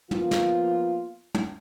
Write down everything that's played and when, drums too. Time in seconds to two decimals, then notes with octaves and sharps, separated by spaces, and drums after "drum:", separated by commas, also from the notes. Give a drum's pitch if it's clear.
0.11 F3 A#3 B3 F4, drum: tom
0.31 drum: snare
1.35 drum: tom